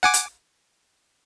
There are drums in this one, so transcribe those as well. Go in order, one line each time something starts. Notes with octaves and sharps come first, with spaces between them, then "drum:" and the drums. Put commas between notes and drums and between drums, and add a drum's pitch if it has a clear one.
F#5 G#5 D6
drum: hi-hat